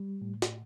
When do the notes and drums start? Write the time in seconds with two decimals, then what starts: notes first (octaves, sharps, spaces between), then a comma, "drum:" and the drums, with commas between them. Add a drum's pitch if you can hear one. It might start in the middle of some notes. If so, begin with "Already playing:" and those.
Already playing: G3
0.22 A2
0.42 drum: snare